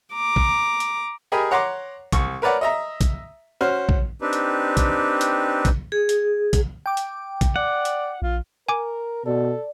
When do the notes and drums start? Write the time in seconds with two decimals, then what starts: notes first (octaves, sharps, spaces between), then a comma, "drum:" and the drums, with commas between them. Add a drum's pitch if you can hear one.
0.14 A#5 D6
0.36 drum: kick
0.80 drum: hi-hat
1.32 G4 G#4 A#4 D#5 G#5 B5
1.51 C#5 F#5 A#5 C6 D6
2.12 C2 C#6, drum: kick, hi-hat
2.42 A#4 B4 C#5 D5 F#5
2.61 D#5 E5 A#5
3.01 drum: kick, hi-hat
3.61 C#4 F#4 C5 F6
3.89 drum: kick
4.21 C4 D4 D#4 G4 B4
4.33 drum: hi-hat
4.77 drum: kick, hi-hat
5.21 drum: hi-hat
5.65 drum: kick, hi-hat
5.92 G#4
6.09 drum: hi-hat
6.53 drum: kick, hi-hat
6.86 G5 D6
6.97 drum: hi-hat
7.41 drum: kick, hi-hat
7.56 D5 F#5
7.85 drum: hi-hat
8.22 A#1 F4
8.69 A#4 G#5 D6
9.26 B2 A4 D5